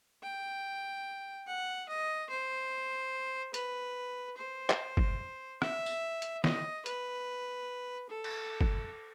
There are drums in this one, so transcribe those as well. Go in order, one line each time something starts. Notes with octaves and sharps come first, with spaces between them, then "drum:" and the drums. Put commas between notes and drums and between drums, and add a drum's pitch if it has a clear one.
G5
F#5
D#5
C5
B4, drum: hi-hat
C5
drum: clap
drum: kick
E5, drum: rim click
drum: tambourine
drum: hi-hat
D#5, drum: snare
B4, drum: hi-hat
A4
drum: cymbal
drum: kick